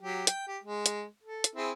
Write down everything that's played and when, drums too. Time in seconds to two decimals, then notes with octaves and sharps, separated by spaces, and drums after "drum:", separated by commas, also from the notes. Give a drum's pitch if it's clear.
0.02 F#3 G4
0.27 G5, drum: hi-hat
0.48 G4
0.63 G#3
0.86 drum: hi-hat
1.23 A4
1.44 drum: hi-hat
1.55 C4 E4 G#4